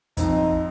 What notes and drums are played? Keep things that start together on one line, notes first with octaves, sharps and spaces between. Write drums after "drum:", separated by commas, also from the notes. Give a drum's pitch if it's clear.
F2 F3 C4 D#4, drum: kick, hi-hat